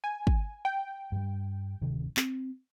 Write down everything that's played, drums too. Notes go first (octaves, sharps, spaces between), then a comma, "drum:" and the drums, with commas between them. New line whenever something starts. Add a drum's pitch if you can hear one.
G#5
drum: kick
G5
G2 G3
D1 C3 D#3
C4, drum: clap